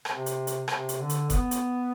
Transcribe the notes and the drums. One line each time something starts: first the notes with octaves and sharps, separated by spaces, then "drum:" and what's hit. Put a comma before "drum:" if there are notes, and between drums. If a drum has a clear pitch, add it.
C3, drum: rim click
drum: hi-hat
drum: hi-hat
C3, drum: rim click
drum: hi-hat
D3
drum: hi-hat
B3, drum: kick F#1, hi-hat
drum: hi-hat